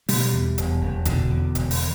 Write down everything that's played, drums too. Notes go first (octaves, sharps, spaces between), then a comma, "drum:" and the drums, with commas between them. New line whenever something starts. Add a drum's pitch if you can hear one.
B2 G3, drum: open hi-hat
E2
E1, drum: hi-hat
E1
B2 D3, drum: kick F#1, hi-hat
E2
E1, drum: hi-hat
drum: open hi-hat